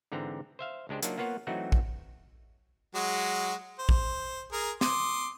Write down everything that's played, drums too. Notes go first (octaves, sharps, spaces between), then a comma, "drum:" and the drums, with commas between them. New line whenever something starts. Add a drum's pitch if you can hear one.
G#2 D3 E3 C4 A#5
C5 E5 F5
C#2 G#3 D4 G4 C5
F#3 A#3 D4 D#4 F4, drum: hi-hat
A#3 B3 F4 C#5 F#5
E3 F#3 A3 C4 D#4 F#4
drum: kick A#1
F#3 G#3 F#4
C5
drum: kick A#1
G#4 A#4
C6 D6 D#6, drum: snare